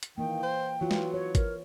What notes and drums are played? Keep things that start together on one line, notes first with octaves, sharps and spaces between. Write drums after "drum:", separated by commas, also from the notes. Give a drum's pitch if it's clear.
drum: hi-hat
D#3 E3 A#3 G5
C5
E3 F#3 F4
drum: snare
C#5
A#4, drum: kick G#1, hi-hat